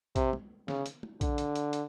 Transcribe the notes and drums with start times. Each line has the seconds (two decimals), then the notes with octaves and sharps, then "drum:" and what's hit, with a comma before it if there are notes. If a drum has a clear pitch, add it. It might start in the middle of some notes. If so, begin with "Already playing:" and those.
0.16 C3, drum: kick A#1, hi-hat
0.33 drum: tom
0.68 C#3, drum: snare
0.86 drum: hi-hat
1.03 drum: tom
1.21 D3, drum: kick A#1, hi-hat
1.38 drum: hi-hat
1.56 drum: hi-hat
1.73 drum: hi-hat